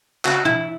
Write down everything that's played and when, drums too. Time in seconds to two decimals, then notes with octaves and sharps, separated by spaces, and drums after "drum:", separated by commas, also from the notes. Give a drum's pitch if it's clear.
0.25 C#3 F#4, drum: clap
0.45 E4, drum: tom